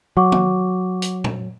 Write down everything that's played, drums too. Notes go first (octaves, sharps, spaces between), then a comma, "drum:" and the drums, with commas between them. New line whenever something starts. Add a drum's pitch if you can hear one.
F#3 F#5 C#6 D6
drum: tom
drum: hi-hat
drum: tom A#2